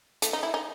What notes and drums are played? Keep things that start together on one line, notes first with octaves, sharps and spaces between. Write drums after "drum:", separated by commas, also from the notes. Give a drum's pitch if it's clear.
A3, drum: hi-hat
D#4
E4
D#4